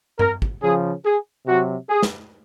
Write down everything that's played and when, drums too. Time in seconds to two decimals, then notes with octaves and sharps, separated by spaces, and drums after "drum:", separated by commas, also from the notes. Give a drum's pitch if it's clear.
0.19 A#4, drum: tom G2
0.42 drum: kick
0.62 C#3 F3 G#4
1.04 G#4
1.47 C3 F#3 F#4
1.89 G#4
2.03 drum: snare